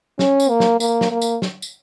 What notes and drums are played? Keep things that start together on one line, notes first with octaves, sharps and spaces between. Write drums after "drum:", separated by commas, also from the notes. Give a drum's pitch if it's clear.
C#4, drum: snare
drum: tambourine
A#3
drum: snare
A#3, drum: tambourine
drum: snare
A#3
drum: tambourine
drum: snare
drum: tambourine